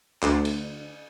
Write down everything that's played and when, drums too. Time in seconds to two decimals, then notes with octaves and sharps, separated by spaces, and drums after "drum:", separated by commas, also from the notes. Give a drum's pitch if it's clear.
0.22 D2, drum: clap
0.45 drum: cymbal